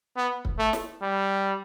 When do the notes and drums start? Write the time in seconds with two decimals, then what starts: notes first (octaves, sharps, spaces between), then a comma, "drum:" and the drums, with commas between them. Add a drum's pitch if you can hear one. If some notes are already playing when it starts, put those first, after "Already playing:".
0.17 B3
0.45 drum: kick C#1
0.58 A3
0.73 drum: snare
1.02 G3